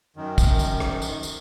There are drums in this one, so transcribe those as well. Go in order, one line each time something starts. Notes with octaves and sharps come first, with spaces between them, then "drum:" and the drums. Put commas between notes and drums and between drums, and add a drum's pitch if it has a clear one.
F#2 D#3
drum: kick, tambourine
drum: tambourine
drum: rim click
drum: tambourine
drum: tambourine